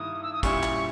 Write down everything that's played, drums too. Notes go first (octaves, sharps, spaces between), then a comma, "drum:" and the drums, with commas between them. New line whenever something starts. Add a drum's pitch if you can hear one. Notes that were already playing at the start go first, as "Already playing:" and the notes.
Already playing: G2 D#3 A#3 E4 D#6
E6
D#6
A#2 G3 C#4 E4 C#6, drum: kick, hi-hat
drum: clap